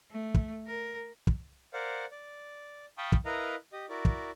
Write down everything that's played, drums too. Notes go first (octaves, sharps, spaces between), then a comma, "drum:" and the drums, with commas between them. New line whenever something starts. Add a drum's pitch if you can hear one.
A3
drum: kick
A#4
drum: kick
A#4 C5 D5 F5 F#5
D5
F5 G5 A5 B5 C#6 D#6
drum: kick
E4 A#4 B4 D#5 F5 A#5
G4 D#5
E4 F#4 A#4 D5
drum: kick